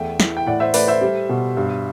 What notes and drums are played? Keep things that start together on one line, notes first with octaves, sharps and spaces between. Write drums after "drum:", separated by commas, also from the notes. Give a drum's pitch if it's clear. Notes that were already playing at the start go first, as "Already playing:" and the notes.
Already playing: E2 A3 E5 G5
E3, drum: snare
G5
A2 D5 F#5
C5 E5
A3 B4 D5, drum: open hi-hat
C5 E5
G3
B2
G2